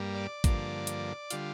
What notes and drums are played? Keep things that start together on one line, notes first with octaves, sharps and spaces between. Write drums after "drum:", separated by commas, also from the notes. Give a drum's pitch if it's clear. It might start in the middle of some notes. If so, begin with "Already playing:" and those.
Already playing: G2 G3 A#3
D5
G2 D3 F3 A#3, drum: kick, hi-hat
drum: hi-hat
D3 G3 F4, drum: hi-hat